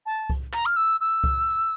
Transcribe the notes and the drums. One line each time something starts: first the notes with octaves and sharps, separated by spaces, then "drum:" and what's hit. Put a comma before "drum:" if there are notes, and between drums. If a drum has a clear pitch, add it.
A5
drum: kick C2
A#5, drum: clap
F6
E6
E6
drum: kick C2